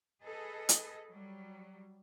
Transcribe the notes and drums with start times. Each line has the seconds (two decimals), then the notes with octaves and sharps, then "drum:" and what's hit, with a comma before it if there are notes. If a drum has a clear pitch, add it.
0.23 G#4 A4 B4 D#5
0.69 drum: hi-hat
1.09 F#3 G3